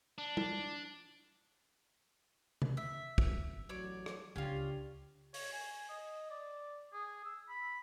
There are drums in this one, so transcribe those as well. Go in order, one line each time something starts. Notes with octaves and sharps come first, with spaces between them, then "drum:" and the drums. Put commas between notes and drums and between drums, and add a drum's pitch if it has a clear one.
D4
drum: tom
drum: tom C3
E5
drum: kick
A1 F#3 C#5 D5
drum: rim click
C#2 C#4 D4 F4 G4
C#5, drum: open hi-hat
G#5
D#5
D5
G#4
E6
B5